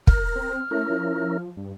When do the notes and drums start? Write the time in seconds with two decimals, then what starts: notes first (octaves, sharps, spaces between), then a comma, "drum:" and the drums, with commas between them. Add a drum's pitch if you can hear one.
0.07 A#4 F6, drum: kick
0.35 C4
0.71 A3 C#4 E4 A#4
0.90 F3
1.57 G2